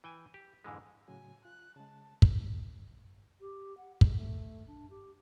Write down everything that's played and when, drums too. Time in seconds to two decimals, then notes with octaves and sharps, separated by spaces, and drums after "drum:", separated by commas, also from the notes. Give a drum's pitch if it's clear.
0.04 E3 G5 G#5
0.34 G4
0.64 F2 G#2 D3 E3 G#3
1.08 A2 C#3 F#3 G#5
1.45 F4 F#6
1.76 C#3 G#3 A5
2.22 drum: kick
3.41 G4
3.77 F#5
4.01 G#3, drum: kick
4.16 A3
4.67 D4
4.90 G4